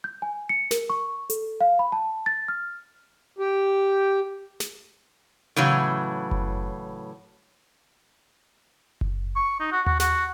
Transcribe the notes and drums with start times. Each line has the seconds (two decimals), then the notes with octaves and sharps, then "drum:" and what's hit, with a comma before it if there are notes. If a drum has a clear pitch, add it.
0.04 G6
0.22 G#5
0.49 C#7
0.71 A#4, drum: snare
0.90 C#6
1.30 A4, drum: hi-hat
1.61 F5
1.79 B5
1.92 A5
2.26 A6
2.48 F6
3.38 G4
4.60 drum: snare
5.56 A2 C#3 E3 F#3
6.31 drum: kick F#1
9.01 drum: kick F#1
9.36 C#6
9.60 D#4
9.72 F#4
9.86 F#4, drum: tom D#2
10.00 F#4, drum: snare